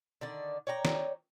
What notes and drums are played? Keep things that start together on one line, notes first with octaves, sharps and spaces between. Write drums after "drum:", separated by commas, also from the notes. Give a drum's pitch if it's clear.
D3 D#3 D5
C#5 D5 G5 A#5
drum: snare